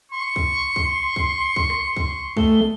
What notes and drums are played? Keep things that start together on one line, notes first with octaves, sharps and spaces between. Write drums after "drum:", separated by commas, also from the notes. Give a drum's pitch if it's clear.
C6 C#6
drum: kick
drum: kick
drum: kick
drum: kick
drum: rim click
drum: kick
A3 G7, drum: kick